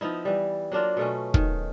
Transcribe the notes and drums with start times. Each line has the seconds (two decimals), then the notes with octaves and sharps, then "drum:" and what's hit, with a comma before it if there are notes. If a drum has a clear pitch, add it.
0.01 F3 B3 D#4 E4
0.25 E3 G3
0.72 F#3 A#3 D4 F4
0.97 B2 A3 C#4
1.34 D#3, drum: kick